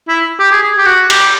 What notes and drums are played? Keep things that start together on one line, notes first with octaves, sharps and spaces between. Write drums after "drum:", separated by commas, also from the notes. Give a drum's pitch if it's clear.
E4
G4
G#4
G#4
G4
F#4
G4, drum: cymbal